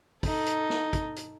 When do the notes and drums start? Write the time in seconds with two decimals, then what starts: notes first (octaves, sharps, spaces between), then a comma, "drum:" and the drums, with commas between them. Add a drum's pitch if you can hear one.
0.23 D#4 A4, drum: kick, open hi-hat
0.46 drum: hi-hat
0.70 drum: snare
0.93 drum: kick, hi-hat
1.16 drum: hi-hat